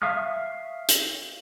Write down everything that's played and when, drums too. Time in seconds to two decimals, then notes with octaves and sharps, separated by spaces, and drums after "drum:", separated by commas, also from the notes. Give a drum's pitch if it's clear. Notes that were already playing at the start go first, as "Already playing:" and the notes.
0.02 E5 F5 C#6 D#6 F6
0.89 drum: hi-hat